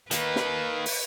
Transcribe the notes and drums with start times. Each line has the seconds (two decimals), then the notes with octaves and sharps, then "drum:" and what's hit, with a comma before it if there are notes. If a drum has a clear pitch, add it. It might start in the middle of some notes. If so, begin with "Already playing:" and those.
0.11 D#3 A#3 B4, drum: hi-hat
0.36 drum: snare
0.86 drum: open hi-hat